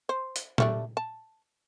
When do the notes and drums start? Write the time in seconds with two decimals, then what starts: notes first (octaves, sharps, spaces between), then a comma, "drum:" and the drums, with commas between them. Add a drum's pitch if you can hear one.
0.09 C5
0.36 drum: hi-hat
0.58 G3 A3 D4, drum: tom A#2
0.97 A5